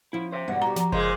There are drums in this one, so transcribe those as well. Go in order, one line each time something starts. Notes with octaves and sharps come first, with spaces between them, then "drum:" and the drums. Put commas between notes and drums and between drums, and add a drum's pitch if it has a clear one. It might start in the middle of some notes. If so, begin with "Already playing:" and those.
F3 C#4 E4
C5 E5
E2 G2 B2 G3 F#5
F#4 G4 A#5
F3 A#5, drum: snare
A#2 C#3 G#3 C5, drum: kick F#1